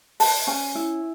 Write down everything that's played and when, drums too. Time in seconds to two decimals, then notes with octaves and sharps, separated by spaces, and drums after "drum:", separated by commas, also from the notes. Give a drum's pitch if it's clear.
0.20 B4 A5, drum: open hi-hat
0.47 C#4 G#5
0.75 E4